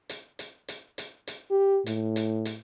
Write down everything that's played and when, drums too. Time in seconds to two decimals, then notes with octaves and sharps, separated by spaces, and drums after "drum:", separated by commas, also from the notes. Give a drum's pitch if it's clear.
0.10 drum: hi-hat
0.39 drum: hi-hat
0.68 drum: hi-hat
0.98 drum: hi-hat
1.27 drum: hi-hat
1.51 G4
1.86 A2, drum: hi-hat
2.16 drum: hi-hat
2.45 drum: hi-hat